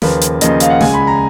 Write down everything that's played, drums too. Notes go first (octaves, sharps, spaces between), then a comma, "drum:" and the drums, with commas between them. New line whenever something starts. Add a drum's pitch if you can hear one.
D#2 C#3 F3 A#3 B4, drum: snare
drum: hi-hat
D#2 C#3 F3 A#3 D#5, drum: hi-hat
F5, drum: hi-hat
F#5
C#2 C#3 G#3 G#5, drum: snare
B5
A#5